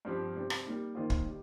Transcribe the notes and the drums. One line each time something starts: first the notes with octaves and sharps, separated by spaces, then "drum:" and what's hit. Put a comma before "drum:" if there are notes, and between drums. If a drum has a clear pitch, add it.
G2 F3 C4 G4
C3 G3 C4
drum: rim click
G3 A#3 D#4
D#3 A#3 F4 C5 D#5
drum: kick
G3